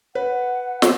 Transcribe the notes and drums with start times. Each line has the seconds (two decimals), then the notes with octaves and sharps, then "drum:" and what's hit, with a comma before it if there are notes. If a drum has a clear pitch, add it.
0.15 B4 F#5
0.82 drum: snare